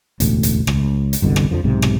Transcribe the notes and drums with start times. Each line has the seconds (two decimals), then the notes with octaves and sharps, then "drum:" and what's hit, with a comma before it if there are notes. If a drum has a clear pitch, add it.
0.20 E1 A1 D2, drum: hi-hat
0.43 drum: hi-hat
0.67 C#2, drum: rim click
1.13 drum: hi-hat
1.22 G1 C2 B2 D3
1.36 drum: rim click
1.51 F2 B2 D3 F3
1.64 B1 G#2 C3
1.82 drum: rim click